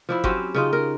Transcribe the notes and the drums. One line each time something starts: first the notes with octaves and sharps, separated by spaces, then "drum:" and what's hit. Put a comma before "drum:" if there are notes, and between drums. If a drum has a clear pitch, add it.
F3 D4 E4
F#3 C4 C#4 G4, drum: kick G1
C#3 D#4 F4
A#4